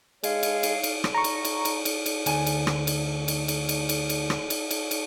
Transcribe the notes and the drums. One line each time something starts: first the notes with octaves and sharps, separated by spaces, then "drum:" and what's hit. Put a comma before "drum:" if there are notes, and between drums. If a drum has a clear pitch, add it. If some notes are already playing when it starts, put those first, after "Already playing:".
G#3 C#5 F5, drum: cymbal
drum: cymbal
drum: cymbal
drum: cymbal
drum: rim click
A#5 C#6
drum: cymbal
drum: cymbal
drum: cymbal
drum: cymbal
drum: cymbal
D2 G#5, drum: cymbal
drum: cymbal
drum: rim click
drum: cymbal
drum: cymbal
drum: cymbal
drum: cymbal
drum: cymbal
drum: cymbal
drum: rim click
drum: cymbal
drum: cymbal
drum: cymbal